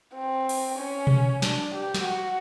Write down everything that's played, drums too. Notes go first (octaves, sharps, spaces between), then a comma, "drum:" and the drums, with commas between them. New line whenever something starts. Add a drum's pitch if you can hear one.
C4
drum: cymbal
C#4
drum: tom B2
D4, drum: snare
G4
drum: snare
F#4